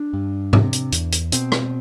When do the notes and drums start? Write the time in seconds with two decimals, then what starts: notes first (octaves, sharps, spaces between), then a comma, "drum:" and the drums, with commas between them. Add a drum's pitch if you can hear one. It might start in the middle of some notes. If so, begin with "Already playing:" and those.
Already playing: D4
0.13 G2
0.53 C3, drum: tom G#2
0.73 drum: hi-hat
0.92 E2, drum: hi-hat
1.12 drum: hi-hat
1.32 B2 C4, drum: hi-hat
1.52 drum: rim click